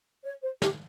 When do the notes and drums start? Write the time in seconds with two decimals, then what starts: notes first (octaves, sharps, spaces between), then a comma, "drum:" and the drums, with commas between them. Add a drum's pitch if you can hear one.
0.24 C#5
0.42 C5
0.62 G4, drum: snare